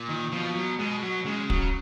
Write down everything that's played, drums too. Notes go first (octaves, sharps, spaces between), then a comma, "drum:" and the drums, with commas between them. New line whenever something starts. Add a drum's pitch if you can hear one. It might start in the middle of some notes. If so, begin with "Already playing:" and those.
Already playing: A#2
D#3
B2 F3
F#3
B2 G#3
F#3
C#3 G#3
F#3, drum: kick